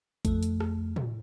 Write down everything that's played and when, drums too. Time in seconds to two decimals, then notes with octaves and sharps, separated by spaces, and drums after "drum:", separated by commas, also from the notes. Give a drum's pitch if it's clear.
0.25 F2 A3, drum: kick A1, hi-hat
0.43 drum: hi-hat
0.60 drum: rim click
0.96 drum: tom